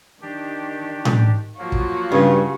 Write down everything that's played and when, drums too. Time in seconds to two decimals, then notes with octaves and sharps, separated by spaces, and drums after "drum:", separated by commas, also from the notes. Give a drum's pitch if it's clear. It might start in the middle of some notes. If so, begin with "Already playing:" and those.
0.22 D#3 D4 G4
1.05 drum: tom A2
1.58 F3 F#3 A#3 F4 F#4
1.72 drum: kick
2.12 G2 C#3